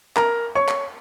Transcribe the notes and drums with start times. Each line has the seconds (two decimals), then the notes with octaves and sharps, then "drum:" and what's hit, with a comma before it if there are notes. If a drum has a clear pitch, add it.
0.16 A#4 A#5, drum: clap
0.55 C#5 C#6
0.68 drum: clap